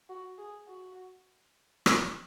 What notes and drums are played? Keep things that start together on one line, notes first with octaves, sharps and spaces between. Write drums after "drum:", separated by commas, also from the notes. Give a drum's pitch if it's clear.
F#4
G#4
F#4
drum: rim click